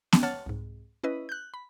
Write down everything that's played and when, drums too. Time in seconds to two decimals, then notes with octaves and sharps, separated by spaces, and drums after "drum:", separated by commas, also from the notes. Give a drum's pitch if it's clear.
0.12 drum: snare B3
0.23 C#5 F#5 A5 F6 A6
0.46 C2 G#2
1.04 C#4 E4 B4 D#5
1.29 F#6 G6
1.54 B5